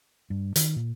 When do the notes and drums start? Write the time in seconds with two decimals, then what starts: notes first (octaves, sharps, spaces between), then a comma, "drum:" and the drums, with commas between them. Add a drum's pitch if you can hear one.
0.30 G2
0.56 D#3, drum: hi-hat
0.76 A#2